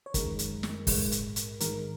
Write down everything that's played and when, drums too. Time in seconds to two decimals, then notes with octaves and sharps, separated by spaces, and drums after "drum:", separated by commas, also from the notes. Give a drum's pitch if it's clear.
0.06 C#5
0.14 F#2 D#3 G#3 A#4, drum: kick, hi-hat
0.39 drum: hi-hat
0.63 drum: snare
0.87 A#1 G#2 G#3, drum: kick, open hi-hat
1.12 drum: hi-hat
1.36 drum: hi-hat
1.60 G#2 D#3 G#3 A#4, drum: hi-hat